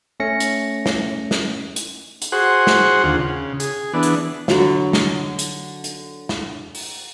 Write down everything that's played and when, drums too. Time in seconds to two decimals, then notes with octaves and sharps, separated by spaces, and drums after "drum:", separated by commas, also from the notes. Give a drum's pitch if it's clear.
0.20 A3 C#4 A#6 C#7
0.40 drum: hi-hat
0.86 drum: snare
1.31 drum: snare
1.76 drum: hi-hat
2.22 drum: hi-hat
2.32 F#4 G#4 C5 F#5 C#6
2.67 drum: snare
3.04 D#2 D3 F4 F#5
3.19 C#3
3.60 G#4, drum: hi-hat
3.94 E3 B3 D4
4.03 drum: hi-hat
4.48 D3 F#3 B5, drum: snare
4.93 drum: snare
5.39 drum: hi-hat
5.84 drum: hi-hat
6.29 drum: snare
6.75 drum: open hi-hat